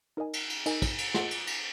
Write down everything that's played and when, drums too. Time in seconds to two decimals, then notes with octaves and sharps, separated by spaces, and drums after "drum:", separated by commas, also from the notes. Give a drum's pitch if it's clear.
0.17 D#4 A#4 D#5 G#5
0.33 drum: cymbal
0.50 drum: cymbal
0.66 D#4 A#4 D#5 G#5, drum: cymbal
0.82 drum: kick, cymbal
0.98 drum: cymbal
1.14 F4 G#4 D#5 F#5, drum: snare
1.31 drum: cymbal
1.47 drum: cymbal